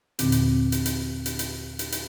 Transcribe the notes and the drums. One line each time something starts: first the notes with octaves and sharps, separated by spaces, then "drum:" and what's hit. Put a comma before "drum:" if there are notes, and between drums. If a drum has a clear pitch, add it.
D#2 A#2 D3 C4, drum: hi-hat
drum: hi-hat
drum: hi-hat
drum: hi-hat
drum: hi-hat
drum: hi-hat
drum: hi-hat
drum: hi-hat